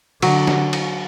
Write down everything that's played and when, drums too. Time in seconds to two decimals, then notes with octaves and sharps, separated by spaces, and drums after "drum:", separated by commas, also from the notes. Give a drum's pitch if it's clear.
0.22 D3 F#3, drum: cymbal
0.47 drum: snare
0.73 drum: cymbal